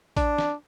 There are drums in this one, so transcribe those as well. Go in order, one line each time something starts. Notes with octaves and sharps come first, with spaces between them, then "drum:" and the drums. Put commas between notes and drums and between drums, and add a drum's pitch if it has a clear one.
D4, drum: kick A1, hi-hat
drum: snare